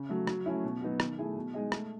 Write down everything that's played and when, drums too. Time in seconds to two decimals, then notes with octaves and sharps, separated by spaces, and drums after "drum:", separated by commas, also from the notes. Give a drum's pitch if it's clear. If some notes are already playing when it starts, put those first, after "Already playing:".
Already playing: C#3
0.09 F#3 A3
0.27 F#3, drum: rim click
0.46 A3 C#4 E4
0.64 B2
0.81 F#3 B3 D#4 F#4
1.00 D#3, drum: rim click
1.18 A3 E4 G#4
1.36 B2
1.54 G#3 D#4 G#4 D#5
1.72 A3, drum: rim click